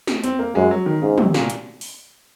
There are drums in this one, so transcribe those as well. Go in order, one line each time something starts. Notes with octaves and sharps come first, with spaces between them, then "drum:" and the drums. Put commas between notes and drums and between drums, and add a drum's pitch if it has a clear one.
drum: snare
C4, drum: hi-hat
A#3
F#2 G#3
F#3
D#3
G#2 C#3
C3, drum: tom
A#2, drum: snare
drum: hi-hat
drum: open hi-hat